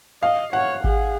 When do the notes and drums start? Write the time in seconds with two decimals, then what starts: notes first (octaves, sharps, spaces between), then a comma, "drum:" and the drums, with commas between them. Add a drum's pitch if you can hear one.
0.23 D#5 F5
0.53 C#5 F#5
0.84 G#4, drum: kick G#1